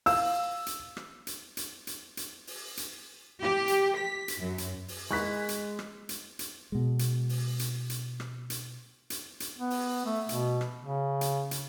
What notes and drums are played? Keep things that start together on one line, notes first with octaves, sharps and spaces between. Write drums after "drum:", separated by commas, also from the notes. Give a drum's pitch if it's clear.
F5 E6, drum: open hi-hat
drum: hi-hat
drum: rim click
drum: hi-hat
drum: hi-hat
drum: hi-hat
drum: hi-hat
drum: open hi-hat
drum: hi-hat
G4
drum: hi-hat
B6
drum: hi-hat
F#2
drum: hi-hat
drum: open hi-hat
G#3 C#6 F#6 B6
drum: hi-hat
drum: rim click
drum: hi-hat
drum: hi-hat
B2 G#3
drum: hi-hat
drum: open hi-hat
drum: hi-hat
drum: hi-hat
drum: rim click
drum: hi-hat
drum: hi-hat
drum: hi-hat
B3
drum: open hi-hat
A3
B2, drum: hi-hat
drum: rim click
C#3
drum: hi-hat
drum: hi-hat